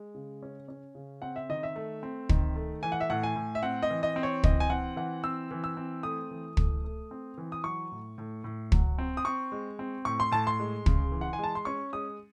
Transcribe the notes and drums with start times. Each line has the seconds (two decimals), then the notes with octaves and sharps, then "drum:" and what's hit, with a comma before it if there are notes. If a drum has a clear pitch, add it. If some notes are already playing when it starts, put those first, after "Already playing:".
Already playing: G#3
0.15 C#3
0.43 C#4
0.68 C#4
0.95 C#3
1.22 C4 F#5
1.36 E5
1.49 D#3 D#5
1.63 E5
1.76 A3
2.03 C4
2.29 D#3, drum: kick
2.56 A3
2.83 E3 G#5
2.92 F#5
3.00 E5
3.10 A2 F#5
3.23 G#5
3.36 A2
3.55 E5
3.63 C4 F#5
3.83 D#5
3.90 E3
4.03 D#5
4.16 C4
4.23 C#5
4.43 E3 D#5, drum: kick
4.60 G#5
4.70 C4 F#5
4.96 E3 F#5
5.24 C4 E6
5.51 E3
5.64 E6
5.77 C4
6.03 A3 D#6
6.31 E3
6.57 A3, drum: kick
6.84 A3
7.11 C4
7.38 E3
7.52 D#6
7.64 F#3 C#6
7.92 A2
8.18 A2
8.44 A2
8.72 F#3, drum: kick
8.98 C4
9.17 D#6
9.25 C4 C#6
9.52 G#3
9.79 C4
10.05 A2 C#6
10.20 C6
10.32 A2 A5
10.47 C6
10.59 G#3
10.86 C#3, drum: kick
11.12 E3
11.21 F#5
11.33 G#5
11.39 G#3 A5
11.55 C6
11.65 C#4 C#6
11.93 G#3 D#6